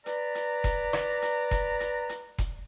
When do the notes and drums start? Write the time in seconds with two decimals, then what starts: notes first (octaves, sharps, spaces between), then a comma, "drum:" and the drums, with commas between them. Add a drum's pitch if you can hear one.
0.06 B4 D5 A#5, drum: hi-hat
0.35 drum: hi-hat
0.64 drum: kick F1, hi-hat
0.93 drum: rim click
1.22 drum: hi-hat
1.51 drum: kick F1, hi-hat
1.80 drum: hi-hat
2.09 drum: hi-hat
2.38 drum: kick F1, hi-hat